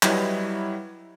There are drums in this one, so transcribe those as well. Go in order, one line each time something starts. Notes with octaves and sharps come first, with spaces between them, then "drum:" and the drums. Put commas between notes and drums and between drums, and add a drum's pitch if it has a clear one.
F#3 G3 E4 B4 C#5 D#5, drum: clap